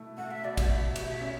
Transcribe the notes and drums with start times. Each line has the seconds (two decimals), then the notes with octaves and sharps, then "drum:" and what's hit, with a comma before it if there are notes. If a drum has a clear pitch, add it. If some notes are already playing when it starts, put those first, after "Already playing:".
Already playing: B2 A3 E4
0.18 A3 F#5
0.31 E5
0.44 B2 D5
0.57 F#5, drum: kick, cymbal
0.62 E5
0.70 B2
0.96 B2, drum: cymbal
1.21 C#4